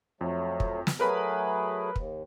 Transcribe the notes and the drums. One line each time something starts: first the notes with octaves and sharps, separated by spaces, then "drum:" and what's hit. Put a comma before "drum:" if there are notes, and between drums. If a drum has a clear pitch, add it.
F2 F#3 A3
drum: kick
drum: snare
F#3 A3 G#4 A#4 B4 B5
D#2, drum: kick